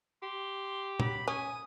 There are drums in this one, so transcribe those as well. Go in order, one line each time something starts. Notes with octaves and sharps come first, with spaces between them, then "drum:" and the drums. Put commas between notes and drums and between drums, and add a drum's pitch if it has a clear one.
G4 C6
F#3 B5, drum: tom
C#4 G#5 D#6